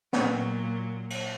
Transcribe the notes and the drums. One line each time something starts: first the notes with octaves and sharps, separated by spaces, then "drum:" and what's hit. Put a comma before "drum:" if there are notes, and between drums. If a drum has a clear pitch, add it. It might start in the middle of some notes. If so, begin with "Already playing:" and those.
A#2 F#3 B3, drum: snare
drum: cymbal